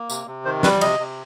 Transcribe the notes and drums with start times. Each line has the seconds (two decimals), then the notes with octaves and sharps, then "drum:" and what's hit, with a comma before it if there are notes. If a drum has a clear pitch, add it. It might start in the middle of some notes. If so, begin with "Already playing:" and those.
Already playing: A#3
0.10 C3, drum: tambourine
0.27 C3
0.45 D#3 C5
0.63 G3 B4, drum: snare
0.81 C3 D#5, drum: cymbal
0.99 C3